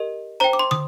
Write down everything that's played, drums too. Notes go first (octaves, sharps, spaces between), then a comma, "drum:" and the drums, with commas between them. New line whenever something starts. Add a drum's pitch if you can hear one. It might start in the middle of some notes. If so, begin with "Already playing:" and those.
Already playing: G4 A#4 D#5
C5 G5 A#5
D6
C6
D#6, drum: tom